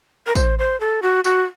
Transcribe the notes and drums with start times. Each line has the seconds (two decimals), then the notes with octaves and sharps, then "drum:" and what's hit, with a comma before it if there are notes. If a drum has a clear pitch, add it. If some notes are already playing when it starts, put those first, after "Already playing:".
0.26 A#4
0.35 C5, drum: kick, tambourine
0.59 C5
0.80 A4
1.02 F#4
1.24 F#4, drum: tambourine